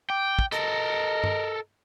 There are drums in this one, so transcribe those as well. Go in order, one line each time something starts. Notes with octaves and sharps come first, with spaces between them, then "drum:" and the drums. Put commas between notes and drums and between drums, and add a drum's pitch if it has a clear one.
G5 D6
drum: kick
A4 A#4 D#5, drum: hi-hat
drum: tom G2